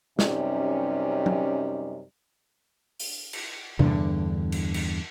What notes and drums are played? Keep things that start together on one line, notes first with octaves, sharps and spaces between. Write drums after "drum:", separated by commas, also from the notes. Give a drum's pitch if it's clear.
F#2 C3 G3 C#4 D#4, drum: snare
drum: tom F#3
drum: open hi-hat
drum: cymbal
E2 G2 D3, drum: tom C3
drum: cymbal
drum: cymbal